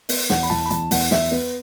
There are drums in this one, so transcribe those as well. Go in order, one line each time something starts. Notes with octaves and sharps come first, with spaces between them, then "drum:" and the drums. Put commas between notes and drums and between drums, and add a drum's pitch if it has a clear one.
B3, drum: open hi-hat
E2 F#5, drum: snare
B5
E2 A5
B5
E2 A5, drum: hi-hat
E2 F#5, drum: open hi-hat
E2 E5, drum: snare
B3